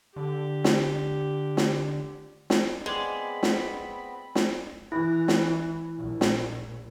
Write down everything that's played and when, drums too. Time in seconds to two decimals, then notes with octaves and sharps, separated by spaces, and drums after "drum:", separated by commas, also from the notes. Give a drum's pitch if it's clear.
0.16 D3 G4
0.64 drum: snare
1.57 drum: snare
2.50 drum: snare
2.86 G#3 B3 C4 G#4 D5 B5
3.43 drum: snare
4.35 drum: snare
4.92 E3 E4
5.28 drum: snare
5.98 A#1
6.21 drum: snare